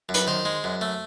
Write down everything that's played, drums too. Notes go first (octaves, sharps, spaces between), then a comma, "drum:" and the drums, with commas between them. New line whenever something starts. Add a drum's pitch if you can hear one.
F#2
B4, drum: hi-hat
D#3 C5
G#3
F#2
A3